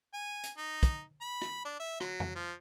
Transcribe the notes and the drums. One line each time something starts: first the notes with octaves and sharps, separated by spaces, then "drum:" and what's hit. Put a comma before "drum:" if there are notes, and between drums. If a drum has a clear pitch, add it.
G#5
drum: hi-hat
D#4
drum: kick, hi-hat
B5
drum: rim click
D4
E5
F#3, drum: rim click
drum: tom F2
F3